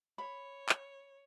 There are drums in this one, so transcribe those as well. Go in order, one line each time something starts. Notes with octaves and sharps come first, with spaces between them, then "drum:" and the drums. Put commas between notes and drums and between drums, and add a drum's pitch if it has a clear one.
C#5 B5
drum: clap